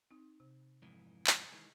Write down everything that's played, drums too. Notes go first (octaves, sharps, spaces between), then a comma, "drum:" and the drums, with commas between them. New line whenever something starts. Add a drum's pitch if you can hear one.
C4 D#4
C3
F2 G#2 E3
drum: clap
D#3 E3 G#3